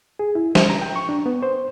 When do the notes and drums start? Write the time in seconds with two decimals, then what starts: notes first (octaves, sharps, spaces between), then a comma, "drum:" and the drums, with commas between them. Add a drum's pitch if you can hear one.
0.19 G#4
0.35 E4
0.55 C5, drum: snare
0.70 A#5
0.82 G5
0.96 C#6
1.09 D4
1.26 B3
1.42 C5